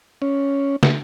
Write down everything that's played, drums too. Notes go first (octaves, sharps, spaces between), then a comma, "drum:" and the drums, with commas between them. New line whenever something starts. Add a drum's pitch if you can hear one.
C#4
drum: snare